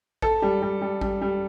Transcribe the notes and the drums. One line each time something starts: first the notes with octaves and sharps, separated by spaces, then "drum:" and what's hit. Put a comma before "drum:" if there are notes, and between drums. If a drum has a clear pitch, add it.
A4, drum: kick A1
G3
G3
G3
G3, drum: kick A1
G3